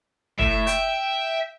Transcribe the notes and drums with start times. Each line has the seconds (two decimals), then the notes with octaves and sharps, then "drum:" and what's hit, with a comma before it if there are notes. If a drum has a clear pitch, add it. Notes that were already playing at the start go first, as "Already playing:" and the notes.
0.39 A2 E5, drum: kick
0.67 G5, drum: hi-hat